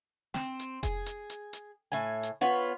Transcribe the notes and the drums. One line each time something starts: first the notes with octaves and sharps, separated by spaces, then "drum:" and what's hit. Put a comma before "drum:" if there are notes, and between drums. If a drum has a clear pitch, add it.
C4, drum: snare
drum: hi-hat
G#4, drum: kick F1, hi-hat
drum: hi-hat
drum: hi-hat
drum: hi-hat
A2 G#5
drum: hi-hat
B3 F4 C#5